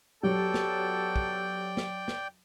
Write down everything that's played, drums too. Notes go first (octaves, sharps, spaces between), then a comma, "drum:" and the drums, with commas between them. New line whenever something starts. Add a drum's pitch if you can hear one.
F#3 B3 F#4 G4 A4 D5 G5 G6
drum: snare
drum: kick
drum: snare
drum: snare